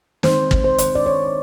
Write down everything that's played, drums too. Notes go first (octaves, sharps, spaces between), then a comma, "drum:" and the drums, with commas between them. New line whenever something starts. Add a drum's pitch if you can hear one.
D#3 G#3 C4 D#4 C5, drum: snare
drum: kick
C5
drum: hi-hat
D5
C#5